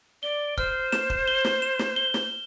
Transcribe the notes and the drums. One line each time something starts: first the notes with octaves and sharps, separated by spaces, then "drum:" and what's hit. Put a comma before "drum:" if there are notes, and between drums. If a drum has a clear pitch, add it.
D5 G7
C5 F6, drum: kick
E7, drum: snare
drum: kick
G7
drum: snare
E7
drum: snare
G7
drum: snare